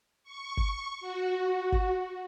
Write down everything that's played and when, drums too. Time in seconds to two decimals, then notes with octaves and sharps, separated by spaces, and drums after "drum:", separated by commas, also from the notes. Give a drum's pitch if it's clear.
0.24 C#6
0.57 drum: kick G1
1.00 F#4
1.72 drum: kick G1